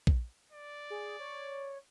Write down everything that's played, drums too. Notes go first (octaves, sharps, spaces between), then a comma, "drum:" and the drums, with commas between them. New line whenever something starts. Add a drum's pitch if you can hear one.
drum: kick A#1
D5
G#4
C#5